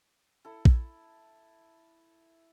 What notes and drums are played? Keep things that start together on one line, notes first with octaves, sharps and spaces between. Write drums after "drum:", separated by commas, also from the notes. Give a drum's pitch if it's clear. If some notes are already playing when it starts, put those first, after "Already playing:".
E4 A4
drum: kick